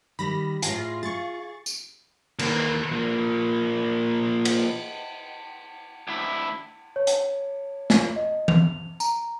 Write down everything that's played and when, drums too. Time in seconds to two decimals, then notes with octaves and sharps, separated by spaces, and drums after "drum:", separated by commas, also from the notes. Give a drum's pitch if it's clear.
0.19 D#3 G3 B5 A#6
0.62 A2 F4 G#4 A#6 C7, drum: hi-hat
1.03 G#4 C#6 A6
1.66 drum: tambourine
2.39 D#3 A#3, drum: cymbal
2.92 F3 A#3
4.45 drum: cymbal
6.08 D2 E4
6.96 C#5
7.07 drum: hi-hat
7.90 drum: snare
8.16 D#5
8.48 F7, drum: tom E3
9.00 A#5, drum: tambourine